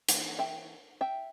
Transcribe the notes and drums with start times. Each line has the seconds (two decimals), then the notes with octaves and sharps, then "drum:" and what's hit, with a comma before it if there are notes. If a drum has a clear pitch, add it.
0.09 E3 A#3, drum: hi-hat
0.39 E5 G5
1.01 E5 G5